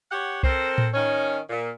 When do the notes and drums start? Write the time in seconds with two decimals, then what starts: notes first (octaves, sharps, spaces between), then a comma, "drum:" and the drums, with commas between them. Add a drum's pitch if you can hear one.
0.11 G4 C#5 F#5
0.43 C4 A4 A#4 C5, drum: kick C2
0.78 drum: tom A2
0.93 D#3 C#4
1.49 A#2